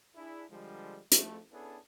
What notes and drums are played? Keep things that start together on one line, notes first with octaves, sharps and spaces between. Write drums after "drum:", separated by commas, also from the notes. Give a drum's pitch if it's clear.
D4 E4 G#4
D3 F3 G3 G#3
F2 A3, drum: hi-hat
B3 C#4 D4 E4 G#4 A4